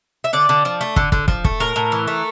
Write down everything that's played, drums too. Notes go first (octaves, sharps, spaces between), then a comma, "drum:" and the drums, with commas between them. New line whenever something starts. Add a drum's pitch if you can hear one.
E5
D3 D5
D3
F3
A3
D3, drum: kick
D3, drum: kick
F3, drum: kick
A3, drum: kick
A2 A#4
A2
E3
A3